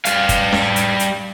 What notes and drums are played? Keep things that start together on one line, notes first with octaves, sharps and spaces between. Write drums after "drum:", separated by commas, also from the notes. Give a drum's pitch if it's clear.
G3 F5, drum: hi-hat
drum: kick, hi-hat
drum: snare C#4
drum: hi-hat
drum: hi-hat